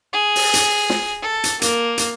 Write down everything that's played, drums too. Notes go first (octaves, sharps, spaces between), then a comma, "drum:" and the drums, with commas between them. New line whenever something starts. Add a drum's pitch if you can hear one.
G#4
drum: open hi-hat
drum: hi-hat
drum: snare
A4
drum: hi-hat
A#3, drum: hi-hat
drum: hi-hat